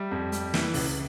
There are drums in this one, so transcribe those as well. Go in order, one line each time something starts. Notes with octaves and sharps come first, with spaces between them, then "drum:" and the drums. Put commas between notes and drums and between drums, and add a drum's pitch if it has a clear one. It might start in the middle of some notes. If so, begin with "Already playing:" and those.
Already playing: G3 E5
F2
G3, drum: hi-hat
E3, drum: snare
C#2, drum: open hi-hat